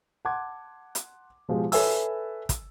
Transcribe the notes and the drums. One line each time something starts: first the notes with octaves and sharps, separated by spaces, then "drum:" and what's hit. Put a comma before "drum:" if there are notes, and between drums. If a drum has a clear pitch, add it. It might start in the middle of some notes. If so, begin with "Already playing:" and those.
F#5 A5 C6 D6 G#6
drum: hi-hat
B2 F3 G#3 G4
A4 B4 C#5 E5 G#5 E6, drum: open hi-hat
drum: kick, hi-hat